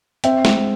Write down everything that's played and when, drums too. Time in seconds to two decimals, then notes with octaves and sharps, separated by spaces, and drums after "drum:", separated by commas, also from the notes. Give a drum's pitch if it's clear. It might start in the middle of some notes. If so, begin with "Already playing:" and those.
0.24 C4 E5 G5, drum: hi-hat
0.45 G#3, drum: snare